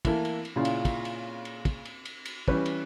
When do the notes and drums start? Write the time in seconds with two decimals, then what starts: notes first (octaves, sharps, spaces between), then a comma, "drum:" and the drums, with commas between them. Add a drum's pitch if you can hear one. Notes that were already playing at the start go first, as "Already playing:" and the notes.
0.05 E3 A3 A#3 E4 A4, drum: kick, cymbal
0.25 drum: cymbal
0.45 drum: cymbal
0.56 A#2 C#3 E4 F4
0.65 drum: cymbal
0.85 drum: kick, cymbal
1.05 drum: cymbal
1.45 drum: cymbal
1.65 drum: kick, cymbal
1.85 drum: cymbal
2.05 drum: cymbal
2.25 drum: cymbal
2.48 E3 G3 C#4 B4 C#5, drum: kick
2.66 drum: cymbal